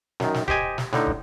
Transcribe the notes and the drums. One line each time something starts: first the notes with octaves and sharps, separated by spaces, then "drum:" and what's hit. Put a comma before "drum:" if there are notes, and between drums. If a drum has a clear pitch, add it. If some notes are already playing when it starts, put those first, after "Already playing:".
F#2 D#3, drum: snare
drum: snare
G4 C5 D#5 G#5, drum: kick
drum: snare
A2 D3 D#4, drum: snare
drum: kick